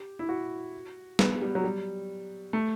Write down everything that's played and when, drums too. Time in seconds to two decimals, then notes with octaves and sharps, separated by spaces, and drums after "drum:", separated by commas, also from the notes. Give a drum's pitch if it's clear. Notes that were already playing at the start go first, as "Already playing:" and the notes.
Already playing: G4
0.19 E4
0.29 F#4
1.19 B3, drum: snare
1.42 G3
1.55 F#3
1.64 G3
2.53 A3